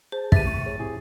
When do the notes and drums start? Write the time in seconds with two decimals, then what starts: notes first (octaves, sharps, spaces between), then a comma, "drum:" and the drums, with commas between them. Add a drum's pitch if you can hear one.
0.12 G#4 C5 A5
0.32 D#1 G4 B4 E5 A6 D#7, drum: kick
0.45 A2 C3 C#6
0.66 G#4 C#5
0.79 A2 C4 E4 G4 G#4